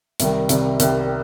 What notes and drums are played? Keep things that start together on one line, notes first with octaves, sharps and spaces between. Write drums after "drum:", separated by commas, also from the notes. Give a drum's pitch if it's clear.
C2 C3 D#3 G3, drum: hi-hat
C2 C3 D#3 G3, drum: hi-hat
C2 C3 D#3 G3, drum: hi-hat